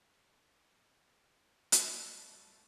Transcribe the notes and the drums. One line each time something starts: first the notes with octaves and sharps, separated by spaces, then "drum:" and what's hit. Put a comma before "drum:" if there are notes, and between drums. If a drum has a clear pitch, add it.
G3 A3, drum: hi-hat